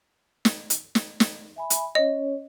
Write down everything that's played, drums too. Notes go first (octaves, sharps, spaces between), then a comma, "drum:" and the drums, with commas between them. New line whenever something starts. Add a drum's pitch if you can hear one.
drum: snare
drum: hi-hat
drum: snare
drum: snare
E5 G#5 B5
drum: hi-hat
C#4 C#5 D#5